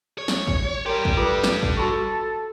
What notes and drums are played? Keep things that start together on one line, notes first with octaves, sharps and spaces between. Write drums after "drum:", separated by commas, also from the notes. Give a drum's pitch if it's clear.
C#5
drum: snare
drum: kick A1
G2 G4 A#4 C6
drum: kick A1
F4 A4 B4 D6
drum: snare
drum: kick A1
F#4 A4 B5 C#6